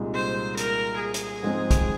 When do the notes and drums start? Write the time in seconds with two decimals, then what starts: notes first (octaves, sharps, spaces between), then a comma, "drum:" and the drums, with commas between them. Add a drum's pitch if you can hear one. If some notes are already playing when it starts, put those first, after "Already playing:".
Already playing: C2 A#2 G#3 D#4
0.15 C5
0.57 A#4, drum: hi-hat
1.00 G#4
1.14 drum: hi-hat
1.42 G#2 F3 G#3 C4
1.71 drum: kick, hi-hat